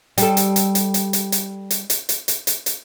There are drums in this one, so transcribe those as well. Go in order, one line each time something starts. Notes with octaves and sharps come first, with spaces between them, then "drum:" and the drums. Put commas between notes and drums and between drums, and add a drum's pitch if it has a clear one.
G3 A4, drum: hi-hat
drum: hi-hat
drum: hi-hat
drum: hi-hat
drum: hi-hat
drum: hi-hat
drum: hi-hat
drum: hi-hat
drum: hi-hat
drum: hi-hat
drum: hi-hat
drum: hi-hat
drum: hi-hat